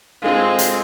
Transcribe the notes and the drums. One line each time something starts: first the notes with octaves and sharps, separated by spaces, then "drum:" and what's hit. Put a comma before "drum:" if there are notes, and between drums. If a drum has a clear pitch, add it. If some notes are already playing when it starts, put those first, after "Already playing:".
G#3 C4 F4 A4 F5
drum: hi-hat